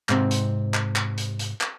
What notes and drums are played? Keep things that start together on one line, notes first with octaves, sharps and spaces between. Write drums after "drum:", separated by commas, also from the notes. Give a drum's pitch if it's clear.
G#2 C3 C4, drum: clap
drum: hi-hat
drum: clap
drum: clap
drum: hi-hat
drum: hi-hat
drum: clap